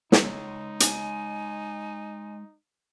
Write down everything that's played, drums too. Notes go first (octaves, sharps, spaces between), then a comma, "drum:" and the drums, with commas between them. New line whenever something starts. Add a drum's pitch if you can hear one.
G#3 D#4 C#5, drum: snare
G#5, drum: hi-hat